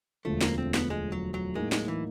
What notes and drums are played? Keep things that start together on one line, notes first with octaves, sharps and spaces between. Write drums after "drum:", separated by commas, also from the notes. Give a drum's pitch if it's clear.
E1 D2 D3 F3 A3
A#3, drum: snare
C4
B3, drum: snare
G#3
F#3
F#3
A2 F#3 G#3 A#3 D#4
G#3, drum: snare
E3